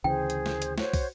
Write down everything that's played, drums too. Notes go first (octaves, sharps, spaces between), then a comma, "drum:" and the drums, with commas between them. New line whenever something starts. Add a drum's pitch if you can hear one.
D2 C#3 E3 G#4 C5 G5
drum: hi-hat
drum: snare
drum: hi-hat
F#4 C5 C#5, drum: snare
drum: kick, open hi-hat